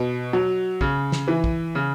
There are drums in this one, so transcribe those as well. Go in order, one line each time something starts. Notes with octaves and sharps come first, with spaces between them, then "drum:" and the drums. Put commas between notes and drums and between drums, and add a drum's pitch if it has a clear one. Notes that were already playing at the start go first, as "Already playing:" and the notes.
Already playing: B2
F#3
C#3, drum: kick
drum: snare
E3
drum: kick
C#3